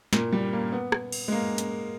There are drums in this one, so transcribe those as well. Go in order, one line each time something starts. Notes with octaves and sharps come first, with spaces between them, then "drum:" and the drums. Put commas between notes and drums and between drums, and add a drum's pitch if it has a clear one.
A#2, drum: snare
G3
A#3
B3
drum: rim click
drum: cymbal
G#3
A#3
drum: hi-hat